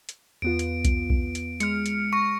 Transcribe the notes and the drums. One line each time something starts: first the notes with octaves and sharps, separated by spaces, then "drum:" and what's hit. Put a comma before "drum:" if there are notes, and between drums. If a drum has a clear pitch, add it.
drum: hi-hat
E2 B3 F4 D7
drum: hi-hat
drum: kick B1, hi-hat
drum: kick B1
drum: hi-hat
G#3 F6 C#7, drum: hi-hat
drum: hi-hat
C#6 A#6